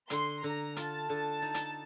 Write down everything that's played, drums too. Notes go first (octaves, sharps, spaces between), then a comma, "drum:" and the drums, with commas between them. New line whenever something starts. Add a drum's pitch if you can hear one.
D3 C6, drum: hi-hat
D3 A#5
F4 A5, drum: hi-hat
D3
D#4
drum: hi-hat